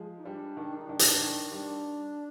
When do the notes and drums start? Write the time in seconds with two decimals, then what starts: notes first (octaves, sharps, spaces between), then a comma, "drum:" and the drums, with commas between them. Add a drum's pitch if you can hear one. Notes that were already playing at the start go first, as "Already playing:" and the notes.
Already playing: F3 G#3
0.19 D#4
0.24 G3 D4
0.57 D#3
0.78 D#4
0.89 D#3 D4
0.99 drum: hi-hat
1.20 D#3
1.52 G3 D4